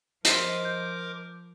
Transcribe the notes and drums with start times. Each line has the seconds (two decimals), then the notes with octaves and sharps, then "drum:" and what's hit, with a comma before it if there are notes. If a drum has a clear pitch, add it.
0.25 F3 A#4 C5 D#5 D6 B6 C7 D#7, drum: hi-hat
0.65 G6